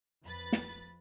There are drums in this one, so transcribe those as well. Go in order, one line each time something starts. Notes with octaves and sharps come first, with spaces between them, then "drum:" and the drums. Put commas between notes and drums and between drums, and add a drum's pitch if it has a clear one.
F2 B4 B5 A6
drum: snare